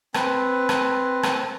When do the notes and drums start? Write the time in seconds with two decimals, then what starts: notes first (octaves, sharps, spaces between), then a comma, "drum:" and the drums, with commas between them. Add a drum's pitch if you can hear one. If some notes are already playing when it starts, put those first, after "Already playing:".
0.14 C4 B4, drum: rim click
0.69 drum: rim click
1.23 drum: rim click